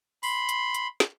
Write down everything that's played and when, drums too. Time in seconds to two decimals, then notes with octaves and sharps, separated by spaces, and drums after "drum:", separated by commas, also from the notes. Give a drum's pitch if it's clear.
0.23 B5 C6, drum: open hi-hat
0.49 drum: hi-hat
0.74 drum: hi-hat
1.00 drum: snare